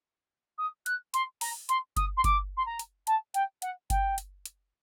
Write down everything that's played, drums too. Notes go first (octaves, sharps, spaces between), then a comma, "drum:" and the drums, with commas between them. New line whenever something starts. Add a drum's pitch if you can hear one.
D#6
F#6, drum: hi-hat
C6, drum: hi-hat
A#5, drum: open hi-hat
C6, drum: hi-hat
D#6, drum: kick G1, hi-hat
C6
D6, drum: kick G1, hi-hat
C6
A#5
drum: hi-hat
A5, drum: hi-hat
G5, drum: hi-hat
F#5, drum: hi-hat
G5, drum: kick G1, hi-hat
drum: hi-hat
drum: hi-hat